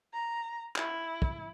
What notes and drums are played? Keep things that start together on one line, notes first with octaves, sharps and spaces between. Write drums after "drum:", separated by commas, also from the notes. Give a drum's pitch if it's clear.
A#5
E4, drum: clap
drum: kick